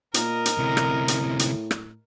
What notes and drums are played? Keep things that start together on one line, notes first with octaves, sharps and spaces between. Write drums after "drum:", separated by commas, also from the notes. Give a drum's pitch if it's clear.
A#2 A#4 D#5, drum: hi-hat
drum: hi-hat
D2 A2 C3
drum: rim click
drum: hi-hat
drum: hi-hat
drum: rim click